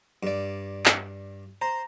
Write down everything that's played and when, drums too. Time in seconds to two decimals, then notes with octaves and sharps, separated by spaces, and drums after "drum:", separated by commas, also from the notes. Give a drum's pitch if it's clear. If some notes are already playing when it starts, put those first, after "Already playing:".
0.23 G2 D5
0.86 drum: clap
1.62 C5 A#5